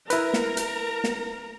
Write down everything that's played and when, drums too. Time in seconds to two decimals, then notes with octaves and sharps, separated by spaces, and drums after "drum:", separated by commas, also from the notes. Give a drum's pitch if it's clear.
0.10 E4 A#4 B4 A#5, drum: hi-hat
0.34 drum: snare
0.57 drum: hi-hat
1.04 drum: snare